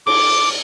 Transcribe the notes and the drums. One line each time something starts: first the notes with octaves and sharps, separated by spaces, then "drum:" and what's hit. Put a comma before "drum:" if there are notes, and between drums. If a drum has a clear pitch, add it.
D6, drum: cymbal